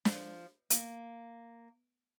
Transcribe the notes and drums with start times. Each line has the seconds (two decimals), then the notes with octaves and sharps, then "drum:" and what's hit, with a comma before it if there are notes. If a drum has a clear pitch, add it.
0.05 F3, drum: snare
0.70 A#3, drum: hi-hat